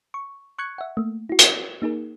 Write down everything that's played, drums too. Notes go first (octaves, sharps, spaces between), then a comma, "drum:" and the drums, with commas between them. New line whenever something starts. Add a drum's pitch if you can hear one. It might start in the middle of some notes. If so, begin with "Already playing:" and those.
C#6
C#6 F#6 G#6 C#7
E5 F#5
A3 A#3
E4 F#4
drum: hi-hat
A#3 D#4 G#4 A#4